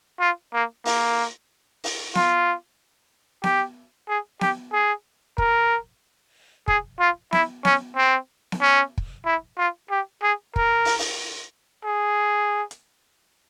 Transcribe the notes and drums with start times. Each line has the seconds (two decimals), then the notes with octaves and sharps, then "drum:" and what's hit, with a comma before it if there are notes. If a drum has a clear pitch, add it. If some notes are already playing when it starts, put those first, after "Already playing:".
0.20 F4
0.53 A#3
0.85 A#3, drum: open hi-hat
1.84 drum: open hi-hat
2.15 F4, drum: snare B3
3.44 G4, drum: snare B3
4.09 G#4
4.41 G4, drum: snare B3
4.73 G#4
5.38 A#4, drum: kick
6.68 G#4, drum: kick
7.00 F4
7.32 E4, drum: snare B3
7.65 C#4, drum: snare B3
7.97 C4
8.52 drum: snare B3
8.61 C#4
8.98 drum: kick
9.26 E4
9.58 F4
9.91 G4
10.23 G#4
10.56 A#4, drum: kick
10.85 drum: open hi-hat
10.99 drum: open hi-hat
11.85 G#4
12.71 drum: hi-hat